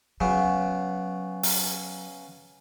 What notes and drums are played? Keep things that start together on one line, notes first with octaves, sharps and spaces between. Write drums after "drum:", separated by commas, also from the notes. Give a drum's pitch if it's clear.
C#3 F#3 B3
drum: open hi-hat